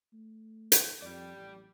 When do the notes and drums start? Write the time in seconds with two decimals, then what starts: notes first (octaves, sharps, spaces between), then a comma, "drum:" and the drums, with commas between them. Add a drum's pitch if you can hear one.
0.13 A3
0.72 drum: hi-hat
1.02 F2 G3 D5
1.37 A1